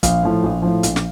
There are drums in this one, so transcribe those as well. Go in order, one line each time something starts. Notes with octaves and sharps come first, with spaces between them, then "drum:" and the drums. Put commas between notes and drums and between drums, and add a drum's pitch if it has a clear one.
A#1 F5, drum: kick, hi-hat
A2 F3
A#1
A2 F3
A#1, drum: hi-hat
drum: snare